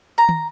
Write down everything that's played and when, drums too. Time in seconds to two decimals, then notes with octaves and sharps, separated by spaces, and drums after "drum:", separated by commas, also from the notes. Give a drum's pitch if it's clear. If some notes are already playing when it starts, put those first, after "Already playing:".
0.18 A#5
0.29 drum: tom